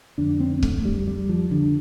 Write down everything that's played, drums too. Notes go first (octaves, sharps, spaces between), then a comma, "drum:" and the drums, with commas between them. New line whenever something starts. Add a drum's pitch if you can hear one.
F2 D3 D4
C4
A3, drum: kick C#1
G3
G3
F3
D3